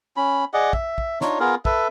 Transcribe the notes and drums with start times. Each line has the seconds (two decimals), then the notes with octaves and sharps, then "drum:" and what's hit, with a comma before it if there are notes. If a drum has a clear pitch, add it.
0.17 C#4 B5
0.54 G#4 D5 D#5 F#5
0.73 E5, drum: kick
0.98 drum: kick
1.21 D4 D#4 F4 C#5, drum: snare
1.40 B3 F4 G#4 A#4
1.65 A4 B4 E5, drum: kick